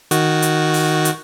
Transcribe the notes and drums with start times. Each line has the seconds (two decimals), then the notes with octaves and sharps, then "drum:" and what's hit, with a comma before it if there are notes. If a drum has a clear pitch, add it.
0.11 D#3 F#4, drum: hi-hat
0.42 drum: hi-hat
0.74 drum: open hi-hat
1.05 drum: hi-hat